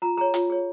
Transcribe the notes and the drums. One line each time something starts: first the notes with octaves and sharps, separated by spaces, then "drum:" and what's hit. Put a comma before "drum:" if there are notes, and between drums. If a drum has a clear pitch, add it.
F4 A#5
G#4 C#5 A#5
F4, drum: hi-hat
G#4 C#5